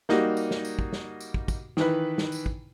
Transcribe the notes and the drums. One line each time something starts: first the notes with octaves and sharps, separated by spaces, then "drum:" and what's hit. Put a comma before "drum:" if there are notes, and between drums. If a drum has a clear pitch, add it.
G3 A#3 D#4 F#4, drum: snare
drum: tambourine
drum: snare
drum: tambourine
drum: kick
drum: snare
drum: tambourine
drum: kick
drum: kick, tambourine
D#3 E3 B4, drum: snare
drum: snare
drum: tambourine
drum: kick